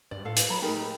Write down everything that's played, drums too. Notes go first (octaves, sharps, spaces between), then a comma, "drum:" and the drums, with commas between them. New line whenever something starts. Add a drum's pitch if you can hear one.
G2 D5
A2 F4 A4 F5
B4, drum: hi-hat
F#3 C#5 A#5 B5
A3 D#4 G4 G#4 A#4